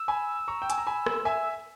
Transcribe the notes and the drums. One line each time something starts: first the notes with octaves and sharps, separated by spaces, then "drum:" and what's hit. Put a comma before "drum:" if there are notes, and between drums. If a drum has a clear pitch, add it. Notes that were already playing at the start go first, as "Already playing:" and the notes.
Already playing: E6
G#5 B5
A#5 C#6
G5
G#5, drum: hi-hat
A#5
G#5 B5
drum: rim click
E5 G#5